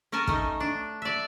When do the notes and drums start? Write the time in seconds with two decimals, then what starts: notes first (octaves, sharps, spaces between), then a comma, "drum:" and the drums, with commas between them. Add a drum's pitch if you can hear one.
0.12 C#4 A#4 G#5 A5
0.27 A3 D#4, drum: kick
0.60 D4
1.02 D5 E5